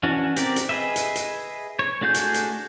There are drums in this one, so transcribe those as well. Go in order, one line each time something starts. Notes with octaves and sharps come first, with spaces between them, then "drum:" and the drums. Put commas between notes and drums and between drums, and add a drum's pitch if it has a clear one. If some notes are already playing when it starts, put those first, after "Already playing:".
E3 C#4 D4 F#4
C4 G4 A#4 D5, drum: hi-hat
drum: hi-hat
G#4 B4 D#5 E5
drum: hi-hat
drum: hi-hat
C#5
A3 D4 F#4 G#4 G6
drum: hi-hat
drum: hi-hat